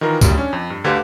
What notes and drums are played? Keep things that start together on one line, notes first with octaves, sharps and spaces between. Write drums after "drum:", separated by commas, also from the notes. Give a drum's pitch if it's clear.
D#3 E3 F4 A#4
C#2 F#2 A2 G3, drum: kick, tambourine
C#4 D4
F2
G2
D2 D3 G4 B4 C5 F5